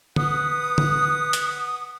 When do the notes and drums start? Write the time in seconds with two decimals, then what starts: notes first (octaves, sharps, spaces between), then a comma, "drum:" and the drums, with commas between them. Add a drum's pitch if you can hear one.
0.16 B4 F#5 D#6, drum: tom D3
0.78 drum: tom D3
1.33 drum: hi-hat